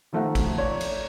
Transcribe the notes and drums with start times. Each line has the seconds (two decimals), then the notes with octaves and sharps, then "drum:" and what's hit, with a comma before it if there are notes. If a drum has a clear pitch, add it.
0.13 D#3 F3 A3 E5 F#5 A#5
0.35 drum: kick G#1, cymbal
0.58 C#5 D5 A#5
0.81 drum: cymbal